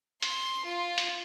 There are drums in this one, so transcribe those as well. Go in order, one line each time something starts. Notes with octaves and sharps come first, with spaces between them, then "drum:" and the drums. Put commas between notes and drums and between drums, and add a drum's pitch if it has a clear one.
C6, drum: hi-hat
F4
drum: hi-hat